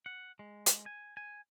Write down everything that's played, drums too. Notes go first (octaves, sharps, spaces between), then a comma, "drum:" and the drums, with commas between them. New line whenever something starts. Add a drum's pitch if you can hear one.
F#5
G#3
drum: hi-hat
G#5
G#5